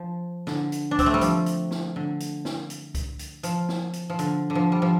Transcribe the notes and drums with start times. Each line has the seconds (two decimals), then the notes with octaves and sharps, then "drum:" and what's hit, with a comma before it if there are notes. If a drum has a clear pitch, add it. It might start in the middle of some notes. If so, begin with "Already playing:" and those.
Already playing: F3
0.47 D3, drum: snare
0.72 drum: hi-hat
0.91 D4
0.99 C4, drum: kick C#2, hi-hat
1.06 A3
1.14 G3
1.21 F3, drum: hi-hat
1.46 drum: hi-hat
1.71 drum: snare
1.96 D3
2.20 drum: hi-hat
2.45 drum: snare
2.70 drum: hi-hat
2.95 drum: kick C#2, hi-hat
3.19 drum: hi-hat
3.43 F3, drum: hi-hat
3.69 drum: snare
3.93 drum: hi-hat
4.10 F3
4.19 D3, drum: hi-hat
4.50 D3
4.55 F3
4.72 G3
4.82 F3